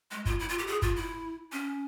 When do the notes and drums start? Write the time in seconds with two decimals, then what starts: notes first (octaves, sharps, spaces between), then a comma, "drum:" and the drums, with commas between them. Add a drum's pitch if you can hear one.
0.11 G#3
0.25 F4, drum: kick
0.39 E4
0.49 F4
0.58 G4
0.67 G#4
0.82 F4, drum: kick
0.96 E4
1.52 C#4